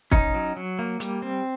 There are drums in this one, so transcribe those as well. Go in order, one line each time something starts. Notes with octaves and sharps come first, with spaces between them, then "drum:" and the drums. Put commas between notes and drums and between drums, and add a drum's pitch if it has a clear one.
C#4 D#4, drum: kick
F#3
F#3
A#3
G3, drum: hi-hat
C4